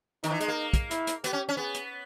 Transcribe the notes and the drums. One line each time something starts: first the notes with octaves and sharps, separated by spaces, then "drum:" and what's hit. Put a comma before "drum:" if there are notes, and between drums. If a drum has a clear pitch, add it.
D#3 D#4, drum: hi-hat
E3
G#3, drum: hi-hat
A#3
drum: kick, hi-hat
E4, drum: hi-hat
drum: hi-hat
B3 G4, drum: hi-hat
C#4
C#4
B3 G#4
drum: hi-hat